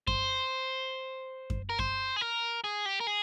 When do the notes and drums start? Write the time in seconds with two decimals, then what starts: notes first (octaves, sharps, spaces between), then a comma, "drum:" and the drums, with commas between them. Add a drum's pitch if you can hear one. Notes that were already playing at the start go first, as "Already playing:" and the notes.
0.07 C5, drum: kick F#2
1.50 drum: kick F#2
1.69 A#4
1.79 C5, drum: kick F#2
2.16 G#4
2.21 A#4
2.64 G#4
2.86 G4
3.00 A#4
3.07 G#4